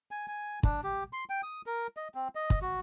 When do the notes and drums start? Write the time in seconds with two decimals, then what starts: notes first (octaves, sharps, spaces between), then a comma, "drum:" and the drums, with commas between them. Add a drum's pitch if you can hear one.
0.11 G#5
0.28 G#5
0.63 D4, drum: kick
0.84 G4
1.13 C6
1.30 G5
1.43 D#6
1.66 A#4
1.97 D#5
2.15 C4
2.35 D#5
2.50 drum: kick
2.62 F#4